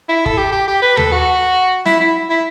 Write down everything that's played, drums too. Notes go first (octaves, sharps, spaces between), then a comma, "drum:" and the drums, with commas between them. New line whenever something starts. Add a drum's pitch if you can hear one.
E4
A4, drum: kick
G4
G4
G4
B4
A4, drum: tom D#2
F#4
E4, drum: snare
E4
E4